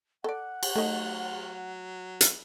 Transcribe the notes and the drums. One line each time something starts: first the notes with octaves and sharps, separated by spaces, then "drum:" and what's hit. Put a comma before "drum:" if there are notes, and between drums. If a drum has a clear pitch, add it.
A4 D5 F#5
drum: cymbal
F#3 A3 D#4 A4
drum: hi-hat